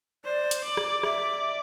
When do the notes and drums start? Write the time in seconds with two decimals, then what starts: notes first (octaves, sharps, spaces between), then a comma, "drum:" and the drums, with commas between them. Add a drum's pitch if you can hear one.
0.25 C5 D5
0.51 drum: hi-hat
0.64 D5
0.77 drum: rim click
1.03 D5 E5, drum: rim click